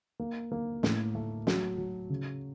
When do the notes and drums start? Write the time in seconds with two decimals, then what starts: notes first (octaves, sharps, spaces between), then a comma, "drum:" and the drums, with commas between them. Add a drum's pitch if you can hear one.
0.20 A#3
0.52 A#3
0.83 A2, drum: snare
1.15 A3
1.47 F#3, drum: snare
1.78 F#3
2.10 C#3